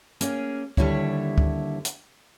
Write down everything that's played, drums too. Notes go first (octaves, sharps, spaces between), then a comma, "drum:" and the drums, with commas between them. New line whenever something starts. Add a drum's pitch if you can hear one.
A#3 C#4 G#4, drum: hi-hat
D#2 G#2 D3 G3 E4 C#5, drum: kick
drum: kick
drum: hi-hat